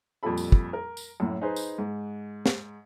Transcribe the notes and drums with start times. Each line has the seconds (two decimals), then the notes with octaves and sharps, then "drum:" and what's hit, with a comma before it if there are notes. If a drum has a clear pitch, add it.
0.23 F2 A#2 G3 F4 A4 B5
0.37 drum: tambourine
0.52 drum: kick
0.73 A#4
0.97 drum: tambourine
1.20 F#2 A2
1.41 D#4 G#4 B4 C5
1.56 drum: tambourine
1.78 G#2
2.46 drum: snare